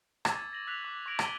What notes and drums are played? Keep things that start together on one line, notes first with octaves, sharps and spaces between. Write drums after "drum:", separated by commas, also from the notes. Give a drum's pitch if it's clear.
C#6 D6 E6 G#6 A6, drum: rim click
A#6 F#7
E6 F#6 B6 F7
D6
C#6 G#6 A#6 D7 F7 F#7
D#7 G7, drum: rim click